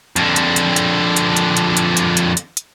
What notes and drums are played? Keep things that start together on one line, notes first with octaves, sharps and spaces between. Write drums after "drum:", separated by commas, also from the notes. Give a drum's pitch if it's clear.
F2 D3, drum: hi-hat
drum: hi-hat
drum: hi-hat
drum: hi-hat
drum: hi-hat
drum: hi-hat
drum: hi-hat
drum: hi-hat
drum: hi-hat
drum: hi-hat
drum: hi-hat
drum: hi-hat